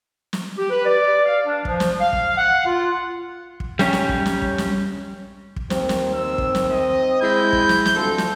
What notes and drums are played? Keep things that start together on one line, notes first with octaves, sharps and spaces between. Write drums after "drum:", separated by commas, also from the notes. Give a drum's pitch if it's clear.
drum: snare
G4
B4
D5
F5
D4
F3, drum: kick
drum: snare
F5
drum: kick
F#5
F4
drum: kick
G3 C#4, drum: snare
drum: snare
drum: kick
drum: snare
drum: kick
drum: snare
drum: kick
D#2 C4, drum: snare
drum: snare
C4 E6
drum: kick
drum: snare
D#5
G#3 E4 G6
drum: kick
drum: snare
drum: snare
D2 C3 F4 A4
drum: snare